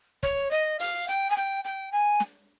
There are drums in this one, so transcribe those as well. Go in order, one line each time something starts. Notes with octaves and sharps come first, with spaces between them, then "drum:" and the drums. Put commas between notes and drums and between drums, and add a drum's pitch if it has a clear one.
C#5, drum: kick, hi-hat
D#5, drum: hi-hat
F5, drum: open hi-hat
G5, drum: hi-hat
G#5
G5, drum: hi-hat
G5, drum: hi-hat
G#5
drum: snare